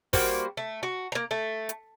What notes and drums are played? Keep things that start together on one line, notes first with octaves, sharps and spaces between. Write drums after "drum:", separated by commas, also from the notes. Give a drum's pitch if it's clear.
G3 A#3 F#4 C5, drum: kick, open hi-hat
A3
F#4
A#3 A#5
A3
drum: hi-hat